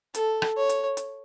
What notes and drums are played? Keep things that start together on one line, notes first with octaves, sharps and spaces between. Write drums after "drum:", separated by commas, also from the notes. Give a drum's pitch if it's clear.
A4, drum: hi-hat
drum: rim click
C#5
drum: hi-hat
drum: hi-hat